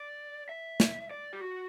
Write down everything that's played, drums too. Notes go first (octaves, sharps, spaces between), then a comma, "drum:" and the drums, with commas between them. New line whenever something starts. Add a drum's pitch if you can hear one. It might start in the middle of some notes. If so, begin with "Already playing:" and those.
Already playing: D5
E5
drum: snare
D5
G4
F#4